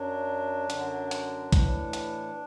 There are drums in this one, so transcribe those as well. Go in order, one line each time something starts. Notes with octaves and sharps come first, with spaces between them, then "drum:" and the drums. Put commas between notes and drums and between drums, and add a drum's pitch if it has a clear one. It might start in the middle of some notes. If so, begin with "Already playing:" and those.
Already playing: F#2 F#3 D4
F#2 D3 F#3, drum: hi-hat
drum: hi-hat
A2 E3, drum: kick, hi-hat
drum: hi-hat